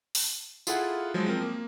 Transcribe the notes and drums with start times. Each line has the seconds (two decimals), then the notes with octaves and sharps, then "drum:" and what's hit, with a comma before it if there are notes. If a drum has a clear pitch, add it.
0.15 drum: open hi-hat
0.67 E4 F4 G#4 A4 F5 F#5, drum: tambourine
1.14 F3 F#3 G#3
1.26 F3 C4 A#4
1.42 A#3